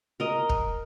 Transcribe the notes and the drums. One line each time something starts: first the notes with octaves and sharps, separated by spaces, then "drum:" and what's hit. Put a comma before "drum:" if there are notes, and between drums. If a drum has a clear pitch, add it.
A#4 D#5
drum: kick